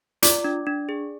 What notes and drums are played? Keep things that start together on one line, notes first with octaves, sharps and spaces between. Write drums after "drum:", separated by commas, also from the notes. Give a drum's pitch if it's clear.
F4 D5 D6, drum: hi-hat
D4
D4
G#4